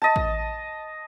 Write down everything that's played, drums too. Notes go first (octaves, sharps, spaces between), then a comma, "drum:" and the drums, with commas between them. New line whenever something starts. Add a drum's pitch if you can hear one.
D#5 A5
drum: kick A1